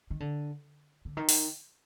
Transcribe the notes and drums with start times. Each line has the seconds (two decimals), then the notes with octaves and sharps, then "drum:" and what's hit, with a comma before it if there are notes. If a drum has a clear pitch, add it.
0.10 D#3
0.20 D3
1.05 D3
1.17 D#3
1.29 drum: open hi-hat